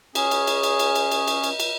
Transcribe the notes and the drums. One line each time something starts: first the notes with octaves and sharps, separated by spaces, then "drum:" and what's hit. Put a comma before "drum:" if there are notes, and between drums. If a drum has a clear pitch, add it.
C#4 G#4, drum: cymbal
drum: cymbal
drum: cymbal
drum: cymbal
drum: cymbal
drum: cymbal
drum: cymbal
drum: cymbal
drum: cymbal
drum: cymbal